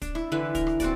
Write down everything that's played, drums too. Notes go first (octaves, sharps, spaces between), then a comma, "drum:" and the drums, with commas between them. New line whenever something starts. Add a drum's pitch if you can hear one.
D4, drum: kick, hi-hat
E4, drum: rim click
D3 E3 B4
A#4, drum: kick, hi-hat
drum: rim click
C4 F#4 D5, drum: kick, hi-hat